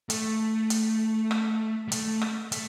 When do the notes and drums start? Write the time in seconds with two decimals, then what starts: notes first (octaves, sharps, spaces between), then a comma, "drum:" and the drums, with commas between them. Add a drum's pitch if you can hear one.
0.10 A3, drum: hi-hat
0.70 drum: hi-hat
1.31 drum: rim click
1.88 G3
1.92 A3, drum: hi-hat
2.21 drum: rim click
2.52 A3, drum: hi-hat